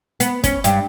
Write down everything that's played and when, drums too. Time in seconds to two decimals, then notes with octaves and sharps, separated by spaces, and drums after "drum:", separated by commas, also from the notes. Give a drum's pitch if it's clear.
0.20 B3, drum: hi-hat
0.44 C#4, drum: kick, hi-hat
0.64 G2, drum: hi-hat